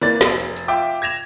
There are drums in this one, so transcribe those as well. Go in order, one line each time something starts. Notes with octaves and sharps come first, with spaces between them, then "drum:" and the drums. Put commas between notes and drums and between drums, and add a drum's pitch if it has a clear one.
E3 A#3 D5 A6, drum: tambourine
F1, drum: snare
drum: tambourine
drum: tambourine
F4 E5 G5 D6
G#6 A#6 E7 F7